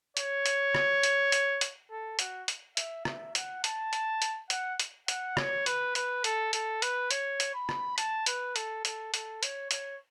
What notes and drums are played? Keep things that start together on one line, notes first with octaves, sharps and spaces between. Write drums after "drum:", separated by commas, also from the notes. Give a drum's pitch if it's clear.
C#5, drum: hi-hat
drum: hi-hat
drum: rim click
drum: hi-hat
drum: hi-hat
drum: hi-hat
A4
F#4, drum: hi-hat
drum: hi-hat
E5, drum: hi-hat
E5, drum: rim click
F#5, drum: hi-hat
A5, drum: hi-hat
drum: hi-hat
drum: hi-hat
F#5, drum: hi-hat
drum: hi-hat
F#5, drum: hi-hat
C#5, drum: rim click
B4, drum: hi-hat
B4, drum: hi-hat
A4, drum: hi-hat
A4, drum: hi-hat
B4, drum: hi-hat
C#5, drum: hi-hat
drum: hi-hat
B5
drum: rim click
A5, drum: hi-hat
B4, drum: hi-hat
A4, drum: hi-hat
A4, drum: hi-hat
A4, drum: hi-hat
C#5, drum: hi-hat
C#5, drum: hi-hat